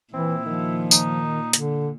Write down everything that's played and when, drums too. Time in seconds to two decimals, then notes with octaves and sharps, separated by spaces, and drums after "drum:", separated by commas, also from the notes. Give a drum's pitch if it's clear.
0.14 A#2 E3 C4 E4
0.46 D#3 F3
0.91 D#4, drum: tambourine
1.53 D3, drum: hi-hat